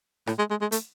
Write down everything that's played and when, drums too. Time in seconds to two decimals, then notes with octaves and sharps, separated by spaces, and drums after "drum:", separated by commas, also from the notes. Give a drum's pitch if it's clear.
0.27 A2, drum: rim click
0.39 G#3
0.50 G#3
0.61 G#3
0.72 A3, drum: hi-hat